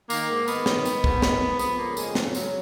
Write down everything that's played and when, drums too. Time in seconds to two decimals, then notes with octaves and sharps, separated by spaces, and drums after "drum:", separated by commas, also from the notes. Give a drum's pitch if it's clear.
0.10 D#3 A#3, drum: tambourine
0.30 G#2
0.48 D#3 B3, drum: tambourine
0.66 D#3, drum: snare
0.85 D#3, drum: tambourine
1.04 G#2, drum: kick
1.22 D#3, drum: snare
1.41 G#2
1.59 F2 B3, drum: tambourine
1.78 C#3 A#3
1.97 F2 G#3, drum: tambourine
2.15 C#3 F3, drum: snare
2.35 C#3 F#3, drum: tambourine